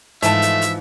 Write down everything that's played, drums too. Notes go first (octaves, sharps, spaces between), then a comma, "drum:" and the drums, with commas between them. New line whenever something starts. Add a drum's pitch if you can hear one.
G#2 E3 F3 A3 E5 A5, drum: hi-hat
drum: hi-hat
drum: hi-hat